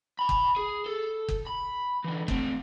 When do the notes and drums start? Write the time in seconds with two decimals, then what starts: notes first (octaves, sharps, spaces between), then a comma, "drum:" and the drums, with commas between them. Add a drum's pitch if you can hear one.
0.19 G#5 B5
0.29 drum: kick F#1
0.56 G#4
0.86 A4
1.28 drum: kick F#1
1.47 B5
2.04 D3 E3
2.28 A3 C4, drum: kick F#1